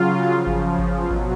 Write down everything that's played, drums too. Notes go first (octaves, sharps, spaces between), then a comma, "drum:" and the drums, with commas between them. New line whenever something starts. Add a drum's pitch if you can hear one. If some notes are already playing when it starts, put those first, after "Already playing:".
Already playing: C#3 F#3 F4
C#3 F3
drum: kick G#1
drum: kick G#1
B2 F#3 F4
drum: kick G#1